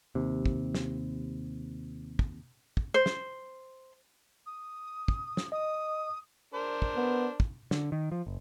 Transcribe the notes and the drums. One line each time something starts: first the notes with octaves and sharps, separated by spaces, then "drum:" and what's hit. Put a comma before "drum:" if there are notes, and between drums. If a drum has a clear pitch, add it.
D#2 C3
drum: kick
drum: snare
drum: kick
drum: kick
C5
drum: snare
D#6
drum: kick
drum: snare
D#5 D#6
D4 A#4 C5
drum: kick
B3
drum: kick
D3, drum: snare
D#3
F3
F#1